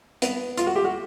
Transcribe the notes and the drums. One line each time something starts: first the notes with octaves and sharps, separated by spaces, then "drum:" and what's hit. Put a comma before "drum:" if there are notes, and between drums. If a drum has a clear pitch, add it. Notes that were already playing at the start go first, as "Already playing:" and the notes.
B3, drum: hi-hat
F4, drum: hi-hat
F#4
G4
F#4